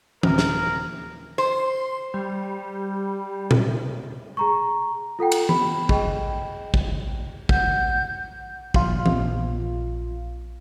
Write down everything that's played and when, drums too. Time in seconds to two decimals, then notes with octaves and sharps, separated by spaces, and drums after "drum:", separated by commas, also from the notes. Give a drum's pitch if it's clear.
0.23 D#1 A#2 C#3 A#4, drum: tom E3
0.38 drum: snare
1.38 C5 C6
2.14 G3
3.51 drum: tom A#2
4.37 G#4 A#5 C#6
5.19 F4 A4 F#5 G5
5.32 drum: cymbal
5.49 B5, drum: tom E3
5.89 G#4 D#5 G5, drum: kick
6.74 drum: kick
7.49 F#5 G6, drum: kick
8.74 A#1 F4, drum: kick
9.06 drum: tom E3